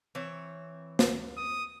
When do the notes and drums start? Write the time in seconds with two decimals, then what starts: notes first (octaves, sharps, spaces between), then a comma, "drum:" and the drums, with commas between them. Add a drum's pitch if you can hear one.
0.15 E3 C4 C#5
0.99 drum: snare
1.37 D#6